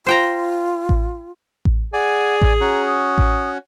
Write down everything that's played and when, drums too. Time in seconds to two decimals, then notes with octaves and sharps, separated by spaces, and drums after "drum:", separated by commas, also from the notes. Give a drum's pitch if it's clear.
0.06 F4 C5 G5 A#5
0.89 drum: kick A1
1.65 drum: kick A1
1.93 G#4 D5 F#5 G#5
2.42 drum: kick A1
2.61 C#4 F#4 A#5
2.87 D#6
3.18 drum: kick A1